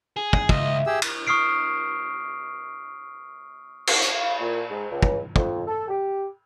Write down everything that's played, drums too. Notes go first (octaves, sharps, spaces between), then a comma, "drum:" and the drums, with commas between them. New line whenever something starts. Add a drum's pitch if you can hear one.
G#4
drum: kick
C#2 E4 D#5, drum: kick
G4 G#4 E6
drum: cymbal
C#6 D#6 F6 C7 D7
drum: cymbal
drum: hi-hat
F5
A#2
G#2
C#2
drum: kick
F2, drum: kick
A4
G4